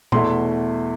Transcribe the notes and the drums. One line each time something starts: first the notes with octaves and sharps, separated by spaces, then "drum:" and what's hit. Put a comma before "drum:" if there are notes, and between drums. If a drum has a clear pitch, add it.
E2 B2 A3 E4 C6, drum: tom A#2